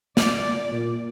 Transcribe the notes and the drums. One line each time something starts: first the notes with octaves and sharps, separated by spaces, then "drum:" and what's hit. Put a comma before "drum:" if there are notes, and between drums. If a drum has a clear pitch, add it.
D5, drum: snare
A#2